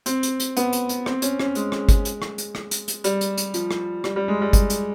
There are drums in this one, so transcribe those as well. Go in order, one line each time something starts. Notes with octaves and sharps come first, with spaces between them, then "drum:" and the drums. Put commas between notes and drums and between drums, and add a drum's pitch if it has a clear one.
C4, drum: hi-hat
drum: hi-hat
drum: hi-hat
B3, drum: hi-hat
drum: hi-hat
drum: hi-hat
C4, drum: rim click
C#4, drum: hi-hat
C#4, drum: rim click
G#3, drum: hi-hat
drum: rim click
drum: kick G1, hi-hat
drum: hi-hat
drum: rim click
drum: hi-hat
drum: rim click
drum: hi-hat
drum: hi-hat
G3, drum: hi-hat
drum: hi-hat
drum: hi-hat
F3, drum: hi-hat
drum: rim click
G3, drum: rim click
G3
G#3
G3
drum: kick G1, hi-hat
drum: hi-hat